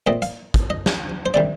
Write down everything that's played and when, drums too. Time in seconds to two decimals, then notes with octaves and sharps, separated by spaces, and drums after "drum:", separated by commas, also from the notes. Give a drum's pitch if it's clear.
0.07 A#2 A3 C4 D#5
0.22 F5, drum: hi-hat
0.54 drum: kick, hi-hat
0.70 D#5
0.86 drum: snare
1.26 C5
1.34 C3 D#3 G3 D5